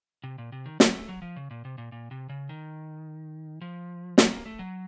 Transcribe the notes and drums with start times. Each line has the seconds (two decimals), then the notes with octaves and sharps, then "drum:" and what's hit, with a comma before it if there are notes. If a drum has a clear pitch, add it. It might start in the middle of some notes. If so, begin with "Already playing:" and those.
0.24 C3
0.38 A#2
0.52 C3
0.66 D#3
0.80 F#3, drum: snare
0.94 A3
1.09 F#3
1.22 F3
1.36 C#3
1.51 A#2
1.65 C3
1.78 A#2
1.92 A#2
2.11 C3
2.29 C#3
2.49 D#3
3.61 F3
4.18 F#3, drum: snare
4.31 A#3
4.46 A3
4.59 F#3